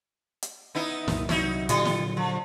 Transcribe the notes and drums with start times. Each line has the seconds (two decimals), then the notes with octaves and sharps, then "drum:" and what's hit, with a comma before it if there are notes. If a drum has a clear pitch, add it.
0.43 drum: hi-hat
0.75 B3 D#4 E4
1.08 C2 F#2 A#2, drum: snare
1.29 C2 E3 F#3 D#4 E4 C#5, drum: snare
1.69 A#2 D3 F#3 G3 F4, drum: hi-hat
1.85 drum: snare
2.17 F3